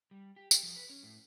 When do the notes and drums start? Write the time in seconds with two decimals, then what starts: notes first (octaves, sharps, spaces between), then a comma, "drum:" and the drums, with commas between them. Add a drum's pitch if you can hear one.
0.11 G3
0.36 G4
0.51 G4, drum: tambourine
0.63 F3
0.76 B4
0.90 C#4
1.03 A2